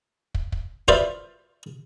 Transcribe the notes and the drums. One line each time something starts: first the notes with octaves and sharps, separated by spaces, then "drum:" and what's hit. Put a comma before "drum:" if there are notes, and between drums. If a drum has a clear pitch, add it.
drum: kick
drum: kick
F4 B4 C5 D5 E5 F5, drum: kick